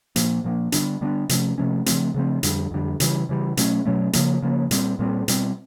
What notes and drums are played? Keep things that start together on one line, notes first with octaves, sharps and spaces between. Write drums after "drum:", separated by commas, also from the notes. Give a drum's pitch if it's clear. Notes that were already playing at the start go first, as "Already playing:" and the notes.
A#2 F3 A#3, drum: hi-hat
A#2 F3 A#3
D3 G3 B3 D4, drum: hi-hat
D3 G3 B3 D4
C3 F3 A3 C#4, drum: hi-hat
C3 F3 A3 C#4
C#3 F3 A3 C4, drum: hi-hat
C#3 F3 A3 C4
F2 D3 G3, drum: hi-hat
F2 D3 G3
C#3 E3 G3, drum: hi-hat
C#3 E3 G3
B2 F#3 A3 C#4, drum: hi-hat
B2 F#3 A3 C#4
C#3 F3 A#3, drum: hi-hat
C#3 F3 A#3
A#2 G3 C4, drum: hi-hat
A#2 G3 C4
B2 G3 C4, drum: hi-hat